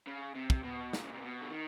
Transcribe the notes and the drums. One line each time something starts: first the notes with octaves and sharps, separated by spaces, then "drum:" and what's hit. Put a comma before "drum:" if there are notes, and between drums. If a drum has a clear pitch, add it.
C#3
C3
drum: kick
B2
A#2, drum: snare
C#3
C3
B2
D3
D#3